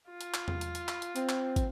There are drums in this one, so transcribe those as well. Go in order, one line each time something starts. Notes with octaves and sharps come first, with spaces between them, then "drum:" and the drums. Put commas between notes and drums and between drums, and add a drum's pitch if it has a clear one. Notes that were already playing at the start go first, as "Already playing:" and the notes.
F4
drum: hi-hat
drum: clap
drum: tom E2
drum: hi-hat
drum: hi-hat
drum: clap
drum: hi-hat
C4, drum: hi-hat
drum: clap
drum: kick, hi-hat